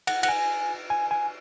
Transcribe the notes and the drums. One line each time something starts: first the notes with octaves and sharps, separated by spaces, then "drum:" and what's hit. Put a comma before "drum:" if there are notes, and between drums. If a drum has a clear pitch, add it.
F#5, drum: cymbal
F#5, drum: cymbal
G#5
G#5
G#5